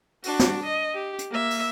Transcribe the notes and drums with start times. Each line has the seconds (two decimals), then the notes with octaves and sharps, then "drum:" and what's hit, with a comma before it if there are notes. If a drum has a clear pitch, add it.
0.23 D4 F#4, drum: open hi-hat
0.39 drum: snare
0.64 D#5
0.94 G4
1.19 drum: hi-hat
1.30 A#3 E5
1.51 drum: open hi-hat